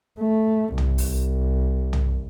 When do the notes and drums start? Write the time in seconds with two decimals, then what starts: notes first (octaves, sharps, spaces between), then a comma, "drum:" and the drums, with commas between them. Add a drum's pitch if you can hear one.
0.20 A3
0.78 C2, drum: tom
0.98 drum: open hi-hat
1.93 drum: tom